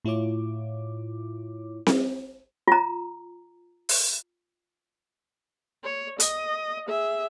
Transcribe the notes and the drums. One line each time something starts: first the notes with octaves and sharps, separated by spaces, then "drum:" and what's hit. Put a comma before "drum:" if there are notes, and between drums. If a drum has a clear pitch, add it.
A2 E4 F4 C#5 D6
drum: snare C4
F4 A#5
drum: open hi-hat
C#5
D#5, drum: hi-hat
G#4 E5